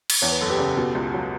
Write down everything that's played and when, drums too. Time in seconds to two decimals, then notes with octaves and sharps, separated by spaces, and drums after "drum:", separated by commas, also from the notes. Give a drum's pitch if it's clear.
0.10 drum: cymbal
0.22 E2 C#5
0.31 B4
0.41 F#1 A4
0.50 G4 B4
0.58 C#3
0.77 B2
0.95 C#2
1.14 F#3